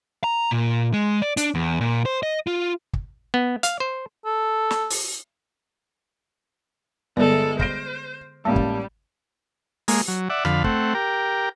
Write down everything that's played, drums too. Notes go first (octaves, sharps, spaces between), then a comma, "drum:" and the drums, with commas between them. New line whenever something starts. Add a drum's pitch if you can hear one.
A#5
A#2
G#3
D5
D4, drum: hi-hat
E2
A#2
C5
D#5
F4
drum: kick
B3
F5, drum: hi-hat
C5
A4
drum: snare
drum: open hi-hat
G1 D3 G#3 B3 A4 D5
C5 F6 A#6 D7, drum: kick
A1 G3 G#3 A#3 G4 A5
drum: kick
G#3 A#3, drum: open hi-hat
F#3
D5 E5 F#5
F2 D3 F5 B5, drum: rim click
A3 C4 F#5, drum: kick
G4 A#4